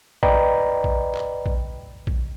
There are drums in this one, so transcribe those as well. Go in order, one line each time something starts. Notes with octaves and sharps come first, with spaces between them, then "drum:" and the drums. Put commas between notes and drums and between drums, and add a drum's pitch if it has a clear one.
B4 D5 D#5 G5 A#5 B5, drum: kick
drum: kick
drum: clap
drum: kick
drum: kick